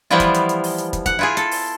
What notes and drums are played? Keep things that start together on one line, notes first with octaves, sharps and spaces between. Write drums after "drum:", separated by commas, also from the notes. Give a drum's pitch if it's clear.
E3 F3 G3 B3 E4 F4
drum: kick, hi-hat
drum: hi-hat
drum: hi-hat
drum: open hi-hat
drum: hi-hat
drum: kick, hi-hat
F#5, drum: kick, hi-hat
E4 F4 G#4
A4, drum: hi-hat
drum: open hi-hat